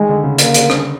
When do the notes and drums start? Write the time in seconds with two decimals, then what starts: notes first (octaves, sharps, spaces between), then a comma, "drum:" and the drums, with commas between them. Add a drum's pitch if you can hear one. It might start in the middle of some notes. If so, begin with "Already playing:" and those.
Already playing: D#3 G#3
0.09 D3
0.24 C#3
0.38 A#3, drum: hi-hat
0.54 drum: hi-hat
0.70 drum: rim click